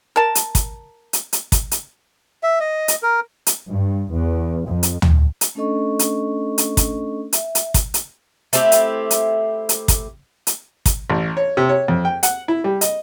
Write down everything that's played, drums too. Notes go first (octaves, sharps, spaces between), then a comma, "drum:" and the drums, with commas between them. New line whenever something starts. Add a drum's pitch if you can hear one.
A#4 A5
drum: hi-hat
drum: kick, hi-hat
drum: hi-hat
drum: hi-hat
drum: kick, hi-hat
drum: hi-hat
E5
D#5
drum: hi-hat
A#4
drum: hi-hat
G2
E2
F2
drum: hi-hat
drum: tom
drum: hi-hat
A3 C#4 D4 A4 D#5 C#6
drum: hi-hat
drum: hi-hat
drum: kick, hi-hat
E5, drum: hi-hat
drum: hi-hat
drum: kick, hi-hat
drum: hi-hat
A3 C4 E4 G4, drum: hi-hat
drum: hi-hat
drum: hi-hat
drum: hi-hat
drum: kick, hi-hat
drum: hi-hat
drum: kick, hi-hat
A1
C#5
C3
C#5
F2
G5
F#5, drum: hi-hat
E4
G3
D#5, drum: hi-hat